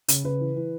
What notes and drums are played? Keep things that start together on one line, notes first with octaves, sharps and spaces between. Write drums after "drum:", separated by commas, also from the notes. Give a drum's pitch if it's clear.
C#3, drum: hi-hat
C#3 B4
E3
E3